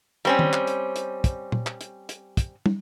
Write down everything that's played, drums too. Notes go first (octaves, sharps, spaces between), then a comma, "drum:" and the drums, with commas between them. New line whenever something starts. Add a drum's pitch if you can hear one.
G3 C4 C#4
drum: tom D#3
drum: clap
drum: hi-hat
drum: hi-hat
drum: kick, hi-hat
drum: tom
drum: clap
drum: hi-hat
drum: hi-hat
drum: kick, hi-hat
drum: tom